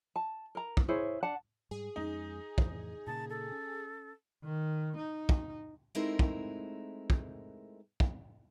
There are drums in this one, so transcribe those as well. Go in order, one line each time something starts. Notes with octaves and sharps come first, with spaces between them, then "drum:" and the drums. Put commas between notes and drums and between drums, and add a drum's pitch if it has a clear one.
A5
A#4 A#5
drum: kick
E4 G#4 C5 C#5
D4 F#5 A5
G#2 G3 G#4
F2 G#3 C#4 D#4
F2 A2 E3, drum: kick
A#2 C#3 A#3 A5
A4
C#4
D#3
D#4
drum: kick
G#3 A3 C4 D#4 E4 A#4
drum: kick
drum: kick
drum: kick